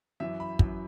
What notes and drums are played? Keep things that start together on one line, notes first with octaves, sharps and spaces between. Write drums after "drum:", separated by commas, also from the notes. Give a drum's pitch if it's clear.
F#2 E3 E5
B5
F#2 E3, drum: kick